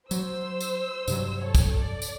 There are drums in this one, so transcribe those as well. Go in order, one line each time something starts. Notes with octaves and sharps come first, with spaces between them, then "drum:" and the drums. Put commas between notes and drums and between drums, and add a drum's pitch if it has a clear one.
F#3 C5 E6, drum: tambourine
drum: tambourine
G2 C3 F#3, drum: tambourine
A4 C#5
drum: kick, tambourine
D5
drum: tambourine